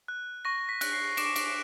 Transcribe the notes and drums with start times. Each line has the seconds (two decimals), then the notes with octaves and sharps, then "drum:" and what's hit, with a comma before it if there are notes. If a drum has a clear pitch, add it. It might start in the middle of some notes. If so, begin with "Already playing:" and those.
0.08 F#6
0.45 C#6 A#6
0.69 B6
0.81 F#6, drum: cymbal
0.93 C7
1.17 D6 D7 E7, drum: cymbal
1.36 drum: cymbal